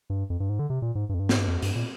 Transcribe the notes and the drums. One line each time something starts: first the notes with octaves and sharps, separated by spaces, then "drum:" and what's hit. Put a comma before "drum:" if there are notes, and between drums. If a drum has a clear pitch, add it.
G2
F2
G2
G#2
D3
C3
A#2
G#2
G2
F2
G2
G#2, drum: snare
G2
F2
G2, drum: hi-hat
A#2